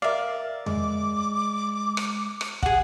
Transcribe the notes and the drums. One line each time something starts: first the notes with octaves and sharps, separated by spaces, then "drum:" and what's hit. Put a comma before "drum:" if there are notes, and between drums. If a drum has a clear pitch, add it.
A#4 D5 E5 F5
G#3 D6, drum: tom E2
drum: rim click
drum: rim click
G#4 F#5, drum: kick